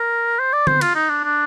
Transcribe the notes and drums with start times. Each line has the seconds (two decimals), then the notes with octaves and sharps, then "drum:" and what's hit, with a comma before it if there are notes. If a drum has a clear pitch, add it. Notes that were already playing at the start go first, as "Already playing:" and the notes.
Already playing: A#4
0.39 C5
0.53 D5
0.67 C5, drum: tom D3
0.81 F4, drum: cymbal
0.95 D#4
1.10 D4
1.24 D4